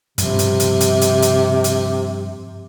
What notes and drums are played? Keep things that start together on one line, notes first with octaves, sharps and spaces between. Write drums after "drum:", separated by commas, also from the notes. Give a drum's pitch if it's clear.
G2 C3 F3, drum: hi-hat
drum: hi-hat
drum: hi-hat
drum: hi-hat
drum: hi-hat
drum: hi-hat
drum: hi-hat